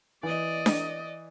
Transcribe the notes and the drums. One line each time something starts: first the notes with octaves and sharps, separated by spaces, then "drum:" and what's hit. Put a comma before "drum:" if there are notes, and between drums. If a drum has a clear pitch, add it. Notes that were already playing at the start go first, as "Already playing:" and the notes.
E3 D5 D#5
drum: snare D4